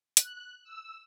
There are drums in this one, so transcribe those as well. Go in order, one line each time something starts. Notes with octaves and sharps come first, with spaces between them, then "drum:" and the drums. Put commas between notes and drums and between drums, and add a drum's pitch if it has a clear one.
F#6, drum: hi-hat
E6